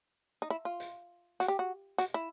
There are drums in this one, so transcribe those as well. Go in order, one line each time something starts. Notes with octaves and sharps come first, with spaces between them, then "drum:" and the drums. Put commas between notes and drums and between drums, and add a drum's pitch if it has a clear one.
D#4
E4
F4
drum: hi-hat
F#4, drum: hi-hat
G4
F#4
F#4, drum: hi-hat
E4